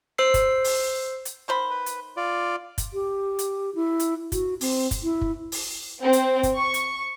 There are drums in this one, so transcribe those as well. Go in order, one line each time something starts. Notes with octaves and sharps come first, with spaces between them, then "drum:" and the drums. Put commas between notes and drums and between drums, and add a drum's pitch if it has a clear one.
C5 E6 C7
drum: kick, hi-hat
drum: open hi-hat
drum: hi-hat
D#3 C5 B5
B4
drum: hi-hat
F4 D5
drum: kick, hi-hat
G4
drum: hi-hat
E4
drum: hi-hat
F#4, drum: kick, hi-hat
C4, drum: open hi-hat
drum: kick, hi-hat
E4
drum: kick
drum: open hi-hat
C4
drum: hi-hat
drum: kick, hi-hat
C#6
drum: hi-hat